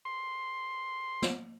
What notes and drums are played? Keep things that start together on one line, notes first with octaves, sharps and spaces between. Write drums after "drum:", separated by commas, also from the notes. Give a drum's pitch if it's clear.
C6
drum: snare